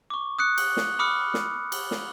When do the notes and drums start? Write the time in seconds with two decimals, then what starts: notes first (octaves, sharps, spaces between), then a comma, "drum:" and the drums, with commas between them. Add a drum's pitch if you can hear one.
0.10 C#6 D6
0.39 D#6 F#6 C#7
0.58 drum: cymbal
0.77 drum: snare
0.99 B5 D6 D#6 F6 C#7
1.34 drum: snare
1.72 drum: cymbal
1.91 drum: snare